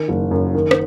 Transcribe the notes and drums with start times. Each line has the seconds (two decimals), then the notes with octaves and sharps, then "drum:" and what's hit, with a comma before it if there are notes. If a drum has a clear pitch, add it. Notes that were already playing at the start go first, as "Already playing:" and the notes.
Already playing: D#3
0.09 F#1
0.31 F#2
0.55 D#3
0.71 drum: rim click